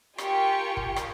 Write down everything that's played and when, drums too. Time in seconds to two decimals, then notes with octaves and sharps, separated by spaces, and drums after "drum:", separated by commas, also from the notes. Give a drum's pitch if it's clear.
0.18 F4 G4 A#4 G5 G#5 C#6, drum: rim click
0.77 drum: kick
0.96 drum: rim click